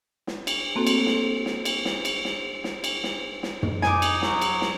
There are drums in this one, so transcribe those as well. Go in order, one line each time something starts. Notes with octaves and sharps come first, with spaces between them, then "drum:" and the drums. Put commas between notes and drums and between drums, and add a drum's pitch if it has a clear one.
drum: snare
drum: cymbal
A3 A#3 C4 F#4 A4
drum: cymbal
drum: snare
drum: snare
drum: cymbal
drum: snare
drum: cymbal
drum: snare
drum: snare
drum: cymbal
drum: snare
drum: snare
drum: tom
D#4 G#5 D6, drum: snare
drum: cymbal
F#3, drum: snare
drum: cymbal
drum: snare